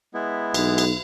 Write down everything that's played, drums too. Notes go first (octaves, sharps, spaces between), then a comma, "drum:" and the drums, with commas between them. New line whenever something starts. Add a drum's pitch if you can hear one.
G#3 B3 E4
B1, drum: cymbal
drum: cymbal